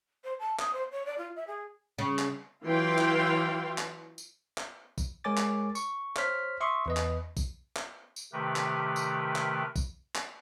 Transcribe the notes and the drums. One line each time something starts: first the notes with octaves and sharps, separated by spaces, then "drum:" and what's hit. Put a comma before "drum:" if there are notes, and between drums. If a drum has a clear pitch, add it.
C5
A5
D#6, drum: clap
C5
C#5
D5
F4
E5
G#4
C#3
drum: clap
E3 F#3 F4 F5 G5 C6
drum: clap
drum: clap
drum: tambourine
drum: clap
drum: kick, tambourine
G#3 A#4 C#5 G#5 D6 A6
drum: clap
C#6, drum: tambourine
C5 C#5 F6 B6, drum: clap
E5 C6 C#6 D#6
E2 B4 D#5
drum: clap
drum: kick, tambourine
drum: clap
drum: tambourine
C3 D#3 A3 G4 A#4 B4
drum: clap
drum: tambourine
drum: clap
drum: kick, tambourine
drum: clap